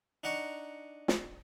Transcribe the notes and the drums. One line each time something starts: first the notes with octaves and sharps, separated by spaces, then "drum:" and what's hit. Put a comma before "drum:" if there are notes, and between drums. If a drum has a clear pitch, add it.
D4 D#4 F#5 A#5 C#6
drum: snare